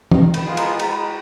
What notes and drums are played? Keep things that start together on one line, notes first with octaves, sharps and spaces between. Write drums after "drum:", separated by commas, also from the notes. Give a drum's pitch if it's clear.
D#3 D#5, drum: tom
B5, drum: cymbal
G#3 B3 F4 G#4
A#5, drum: cymbal
G#3 A#5, drum: cymbal
B5
A#5